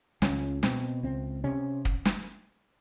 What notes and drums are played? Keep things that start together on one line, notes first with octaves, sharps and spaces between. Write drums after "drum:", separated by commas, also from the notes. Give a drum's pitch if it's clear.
C#2 C#4, drum: snare
B2 C4, drum: snare
C#2 C4
C3 C#4
drum: kick
drum: snare